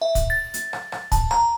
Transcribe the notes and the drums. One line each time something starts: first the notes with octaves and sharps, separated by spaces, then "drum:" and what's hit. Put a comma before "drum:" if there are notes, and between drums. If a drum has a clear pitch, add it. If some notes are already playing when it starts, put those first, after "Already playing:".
E5
drum: kick, hi-hat
A6
drum: hi-hat
drum: rim click
drum: rim click
A5, drum: kick, hi-hat
A#5, drum: rim click